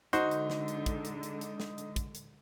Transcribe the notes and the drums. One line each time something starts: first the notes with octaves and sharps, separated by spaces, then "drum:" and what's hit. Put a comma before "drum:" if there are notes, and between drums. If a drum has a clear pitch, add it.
D3 G#3 D#4 F#4 C5, drum: hi-hat
drum: hi-hat
drum: snare
drum: hi-hat
drum: kick, hi-hat
drum: hi-hat
drum: hi-hat
drum: hi-hat
drum: snare
drum: hi-hat
drum: kick, hi-hat
drum: hi-hat